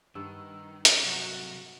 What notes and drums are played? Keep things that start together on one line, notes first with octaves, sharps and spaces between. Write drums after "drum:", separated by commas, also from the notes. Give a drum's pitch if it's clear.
G2 D#3 F#5 E6
drum: hi-hat
C3 F#3 F#4